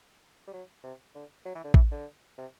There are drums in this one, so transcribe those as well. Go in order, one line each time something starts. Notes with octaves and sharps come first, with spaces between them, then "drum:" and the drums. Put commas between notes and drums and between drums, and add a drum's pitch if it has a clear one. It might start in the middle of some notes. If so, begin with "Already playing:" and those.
G3
F#3
C3
D3
F#3
E3
D3
E3, drum: kick A1
D3
C3